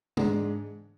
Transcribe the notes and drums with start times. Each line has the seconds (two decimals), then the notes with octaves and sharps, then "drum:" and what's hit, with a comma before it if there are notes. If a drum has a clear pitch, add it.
0.17 G#2 G#3 D4, drum: tom